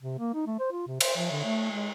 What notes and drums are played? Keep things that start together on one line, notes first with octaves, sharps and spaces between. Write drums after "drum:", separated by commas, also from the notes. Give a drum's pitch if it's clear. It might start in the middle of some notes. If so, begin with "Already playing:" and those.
C3
A#3
D#4
A3
C5
F4
C3
C5, drum: cymbal
F3
D3
A3
G#3